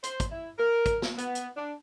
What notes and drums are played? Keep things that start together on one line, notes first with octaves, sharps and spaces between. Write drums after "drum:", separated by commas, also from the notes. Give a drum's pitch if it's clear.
C5, drum: hi-hat
drum: kick, hi-hat
E4
A#4
drum: kick, hi-hat
drum: snare
B3, drum: hi-hat
drum: hi-hat
D4